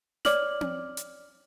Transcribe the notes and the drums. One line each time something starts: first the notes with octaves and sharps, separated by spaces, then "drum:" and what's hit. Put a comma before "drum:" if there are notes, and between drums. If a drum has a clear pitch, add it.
C#5 D5 D6 F6 F#7, drum: snare
drum: tom C4
drum: hi-hat